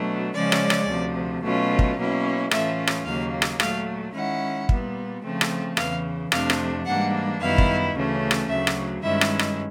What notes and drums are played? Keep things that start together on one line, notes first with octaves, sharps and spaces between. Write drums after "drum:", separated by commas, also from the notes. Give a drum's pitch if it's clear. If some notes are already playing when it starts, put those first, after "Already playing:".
Already playing: B2 F#3 A3 D4
C#3 F3 G#3 C#4 D5
drum: rim click
drum: rim click
D2 C3 F3
B2 F#3 A3 C#4 F4
drum: kick
B2 F#3 A#3 C#4 E4
A2 E3 A3 C#4 F4 E5, drum: rim click
drum: rim click
D#2 C#3 F#3 A#3 F5
drum: rim click
A#2 F#3 A3 F5, drum: rim click
D#3 G#3 C#4 E4 F#5
A#2 G3 B3, drum: kick
C#3 F3 A3 C4
drum: rim click
E2 C#3 E3 F5, drum: rim click
F2 C3 F3 A3 D4 F5, drum: rim click
drum: rim click
G#2 E3 G3 A#3 D4 F#5
F#2 D#3 G3 B3 E4 F5
drum: kick
D2 C#3 E3 A3 C#4
drum: rim click
D2 C#3 F#3 E5
drum: rim click
G2 D#3 G#3 C#4 E4 E5
drum: rim click
drum: rim click